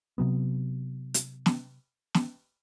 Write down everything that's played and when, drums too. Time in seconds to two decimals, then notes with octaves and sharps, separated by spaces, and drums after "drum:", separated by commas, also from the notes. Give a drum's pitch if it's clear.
0.18 C3 F#3 B3
1.14 drum: hi-hat
1.46 drum: snare
2.14 drum: snare